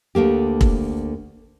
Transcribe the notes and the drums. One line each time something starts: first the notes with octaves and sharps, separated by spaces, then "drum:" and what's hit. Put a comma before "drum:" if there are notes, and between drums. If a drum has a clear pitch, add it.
D2 D3 A#3 G4
drum: kick